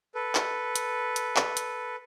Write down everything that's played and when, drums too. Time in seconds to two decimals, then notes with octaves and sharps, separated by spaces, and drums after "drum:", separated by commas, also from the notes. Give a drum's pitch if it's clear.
0.15 A4 B4
0.35 drum: clap
0.76 drum: hi-hat
1.16 drum: hi-hat
1.36 drum: clap
1.57 drum: hi-hat